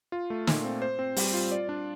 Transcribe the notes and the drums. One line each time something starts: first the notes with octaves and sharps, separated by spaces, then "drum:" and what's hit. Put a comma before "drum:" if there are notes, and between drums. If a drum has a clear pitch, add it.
F4
A3
A#2, drum: snare
C4
C5
C4
G3, drum: open hi-hat
F4
D5
D4